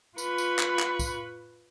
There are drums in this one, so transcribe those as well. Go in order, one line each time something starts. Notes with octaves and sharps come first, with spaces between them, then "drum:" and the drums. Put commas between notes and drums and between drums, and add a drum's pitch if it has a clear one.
F4 B4 B5 C#6, drum: tambourine
drum: tambourine
drum: clap
drum: clap
drum: kick, tambourine